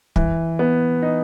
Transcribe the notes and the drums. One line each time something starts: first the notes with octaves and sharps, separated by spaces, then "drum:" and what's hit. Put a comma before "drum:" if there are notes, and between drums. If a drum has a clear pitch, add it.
E3, drum: kick
B3
D#4